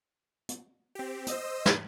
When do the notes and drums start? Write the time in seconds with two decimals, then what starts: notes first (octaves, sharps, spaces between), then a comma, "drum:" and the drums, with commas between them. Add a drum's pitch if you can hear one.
0.49 drum: hi-hat
0.95 C4 G4
1.27 C5 D#5 D#6 E6, drum: hi-hat
1.66 drum: snare